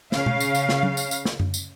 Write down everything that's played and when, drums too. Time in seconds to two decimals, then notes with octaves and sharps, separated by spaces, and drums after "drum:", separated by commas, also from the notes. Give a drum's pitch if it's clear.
0.12 C#3 F5, drum: snare
0.26 drum: tom B2
0.40 drum: tambourine
0.55 drum: tambourine
0.69 drum: snare
0.83 drum: tom F#3
0.97 drum: tambourine
1.11 drum: tambourine
1.25 drum: snare
1.40 drum: tom F#2
1.54 drum: tambourine